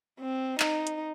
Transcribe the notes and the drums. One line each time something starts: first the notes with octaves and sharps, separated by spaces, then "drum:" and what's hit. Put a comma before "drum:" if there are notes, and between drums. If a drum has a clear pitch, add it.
C4
D#4, drum: clap
drum: hi-hat